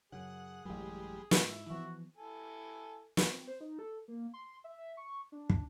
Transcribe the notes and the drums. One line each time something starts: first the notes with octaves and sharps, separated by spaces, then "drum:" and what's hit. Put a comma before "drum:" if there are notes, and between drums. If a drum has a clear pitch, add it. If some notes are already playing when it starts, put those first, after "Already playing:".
F#2 C#3 G#4 F#5
A1 F#2 G3 G#3
G#2 E4, drum: snare
E3 F3 B3 F#4
E4 A4 G#5
drum: snare
C4
C5
D#4
A4
A#3
C6
E5
E5
C#6
D4
drum: kick